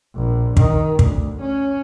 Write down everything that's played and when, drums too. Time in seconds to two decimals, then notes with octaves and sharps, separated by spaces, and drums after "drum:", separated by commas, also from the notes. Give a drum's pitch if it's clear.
0.15 A#1
0.57 D#3, drum: kick
0.99 D2, drum: kick
1.41 C#4